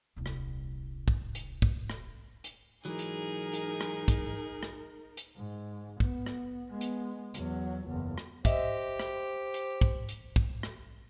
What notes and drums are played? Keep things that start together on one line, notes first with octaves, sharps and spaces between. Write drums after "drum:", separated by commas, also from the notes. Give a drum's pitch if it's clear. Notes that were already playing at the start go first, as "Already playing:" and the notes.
D#1 C2
drum: rim click
drum: kick
drum: hi-hat
drum: kick
drum: rim click
drum: hi-hat
G#2 E3 F#3 D#4 G#4 A#4
drum: hi-hat
drum: hi-hat
drum: rim click
drum: kick, hi-hat
drum: rim click
drum: hi-hat
G#2
B3, drum: kick
drum: rim click
G#3 B3
drum: hi-hat
E2 F#3, drum: hi-hat
F#1 E2
drum: rim click
G4 C5 D#5 E5, drum: kick, hi-hat
drum: rim click
drum: hi-hat
drum: kick
drum: hi-hat
drum: kick
drum: rim click